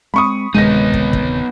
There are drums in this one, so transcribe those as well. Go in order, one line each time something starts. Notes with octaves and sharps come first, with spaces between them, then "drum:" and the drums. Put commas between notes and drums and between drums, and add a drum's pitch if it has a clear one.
G#3 C4 B5 C#6 D#6
D1 C3 D#3 G#3 B3 D#4 A#6 D#7
drum: kick
drum: kick